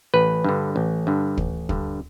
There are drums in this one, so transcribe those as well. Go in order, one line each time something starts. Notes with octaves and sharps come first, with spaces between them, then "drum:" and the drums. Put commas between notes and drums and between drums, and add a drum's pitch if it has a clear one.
A1 B4
G2 D3
A1
G2 D3
A1, drum: kick
G2 D3, drum: kick